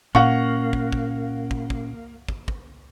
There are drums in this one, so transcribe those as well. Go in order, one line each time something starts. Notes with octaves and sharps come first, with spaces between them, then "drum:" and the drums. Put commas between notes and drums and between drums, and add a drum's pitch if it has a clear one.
A#2 A#3 C#4 F5 F#5 C#6, drum: kick
drum: kick
drum: kick
drum: kick
drum: kick
drum: kick
drum: kick